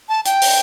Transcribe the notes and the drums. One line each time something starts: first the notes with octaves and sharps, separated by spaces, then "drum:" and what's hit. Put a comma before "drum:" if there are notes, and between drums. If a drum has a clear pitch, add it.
A5
G5, drum: hi-hat
drum: open hi-hat